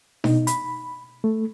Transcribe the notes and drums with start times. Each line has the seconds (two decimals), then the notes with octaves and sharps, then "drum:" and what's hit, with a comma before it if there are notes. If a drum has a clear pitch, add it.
0.24 B2 D#4, drum: snare D4
0.47 B5, drum: hi-hat
1.24 A3